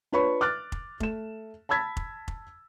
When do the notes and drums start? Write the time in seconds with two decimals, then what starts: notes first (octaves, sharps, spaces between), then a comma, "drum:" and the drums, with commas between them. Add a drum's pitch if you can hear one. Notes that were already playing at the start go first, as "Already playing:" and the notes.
0.12 D4 F4 B4 C#5 B5 C#6
0.41 D6 F6 F#6 A6
0.72 drum: kick F1
1.00 A3 E7, drum: kick F1
1.69 A5 B5 E6 G#6 A6 B6
1.97 drum: kick F1
2.28 drum: kick F1